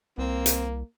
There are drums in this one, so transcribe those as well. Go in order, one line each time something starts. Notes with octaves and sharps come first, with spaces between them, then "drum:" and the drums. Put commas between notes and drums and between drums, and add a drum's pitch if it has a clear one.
C2 A#3 C4
drum: hi-hat